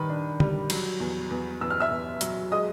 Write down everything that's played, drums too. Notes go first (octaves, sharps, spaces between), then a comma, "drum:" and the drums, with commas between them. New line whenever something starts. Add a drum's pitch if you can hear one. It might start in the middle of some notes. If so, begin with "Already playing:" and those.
Already playing: D#3 G3 B4 B5
D4
G3, drum: tom D3
F#3, drum: cymbal
E2
E2
E2 E6
F6
E5 E6
E2
F#3, drum: hi-hat
G#3 D#5 D#6